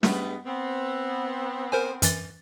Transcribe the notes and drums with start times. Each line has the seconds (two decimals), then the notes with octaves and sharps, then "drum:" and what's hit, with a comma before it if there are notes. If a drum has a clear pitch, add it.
0.03 G2 G#3 A3 B3, drum: snare
0.46 B3 C4
1.72 A#4 C5 G#5
2.02 F#2 E3 A6, drum: hi-hat